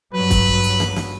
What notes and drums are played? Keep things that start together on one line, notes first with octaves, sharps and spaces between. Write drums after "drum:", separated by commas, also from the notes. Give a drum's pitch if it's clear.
G2 F#3 B4
drum: kick, hi-hat
drum: hi-hat
drum: snare
drum: snare